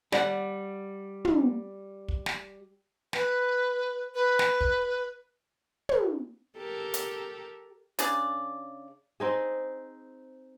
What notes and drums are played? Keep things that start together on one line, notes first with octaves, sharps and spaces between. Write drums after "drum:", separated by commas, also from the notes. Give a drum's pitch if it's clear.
G3 D5 F#5, drum: snare
drum: tom
drum: kick
drum: snare
B4, drum: snare
B4
drum: snare
drum: kick
drum: tom
G4 A4 A#4
drum: hi-hat
C#3 D4 D5, drum: hi-hat
C4 D#4 G#4